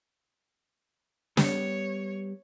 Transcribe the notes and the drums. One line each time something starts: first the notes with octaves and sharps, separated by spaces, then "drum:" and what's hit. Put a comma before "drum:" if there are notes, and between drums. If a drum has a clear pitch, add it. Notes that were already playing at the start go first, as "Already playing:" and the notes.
G3 B3 C#5, drum: snare